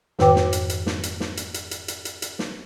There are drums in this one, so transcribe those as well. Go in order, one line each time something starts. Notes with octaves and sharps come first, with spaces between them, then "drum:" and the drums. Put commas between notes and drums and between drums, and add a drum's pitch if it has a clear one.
F2 G#2 D#3 B4 G5 D6, drum: snare
drum: snare
drum: hi-hat
drum: hi-hat
drum: snare
drum: hi-hat
drum: snare
drum: hi-hat
drum: hi-hat
drum: hi-hat
drum: hi-hat
drum: hi-hat
drum: hi-hat
drum: snare